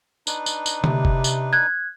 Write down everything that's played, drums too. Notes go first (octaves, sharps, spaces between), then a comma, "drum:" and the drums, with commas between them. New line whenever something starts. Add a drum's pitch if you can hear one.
D4 D#4 B4, drum: tambourine
drum: tambourine
drum: tambourine
C3, drum: tom D3
drum: kick
drum: tambourine
F#6 G#6